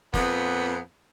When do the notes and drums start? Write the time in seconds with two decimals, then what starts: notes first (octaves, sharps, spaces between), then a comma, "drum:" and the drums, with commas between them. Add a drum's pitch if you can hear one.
0.14 F2 A#2 B3, drum: snare